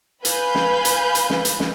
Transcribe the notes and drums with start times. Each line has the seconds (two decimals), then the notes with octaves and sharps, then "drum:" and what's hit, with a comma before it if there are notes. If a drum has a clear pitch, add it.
0.25 B4 F5 G#5 B5 G6, drum: hi-hat
0.55 drum: snare
0.85 drum: hi-hat
1.15 drum: hi-hat
1.30 drum: snare
1.45 drum: hi-hat
1.60 drum: snare